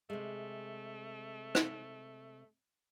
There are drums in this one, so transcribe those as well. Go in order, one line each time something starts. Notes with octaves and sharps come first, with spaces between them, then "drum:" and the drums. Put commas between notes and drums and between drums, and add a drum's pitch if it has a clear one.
C3 G#3 A3
drum: rim click